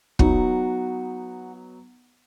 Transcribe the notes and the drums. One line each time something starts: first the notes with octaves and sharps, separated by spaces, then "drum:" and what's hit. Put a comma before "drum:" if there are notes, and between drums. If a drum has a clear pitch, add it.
F#3 B3 D#4 F#4, drum: kick